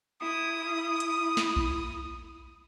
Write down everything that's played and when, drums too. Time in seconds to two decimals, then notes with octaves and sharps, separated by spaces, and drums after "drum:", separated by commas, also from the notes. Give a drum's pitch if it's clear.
0.22 E4 D#6
1.00 drum: hi-hat
1.37 drum: snare
1.56 drum: kick A#1